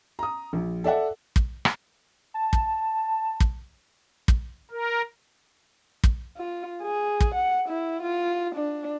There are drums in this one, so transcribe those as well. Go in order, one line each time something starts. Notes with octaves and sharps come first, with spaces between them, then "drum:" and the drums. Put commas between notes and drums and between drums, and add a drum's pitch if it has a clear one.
A#5 D#6
A#1
A4 D5 E5 F#5
drum: kick
drum: rim click
A5
drum: kick
drum: kick
drum: kick
A#4
drum: kick
F4
G#4
drum: kick
F#5
E4
F4
D4